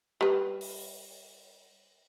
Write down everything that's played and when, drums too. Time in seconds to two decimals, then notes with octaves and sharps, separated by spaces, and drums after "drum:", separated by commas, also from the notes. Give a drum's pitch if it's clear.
0.21 G3 B4
0.61 drum: open hi-hat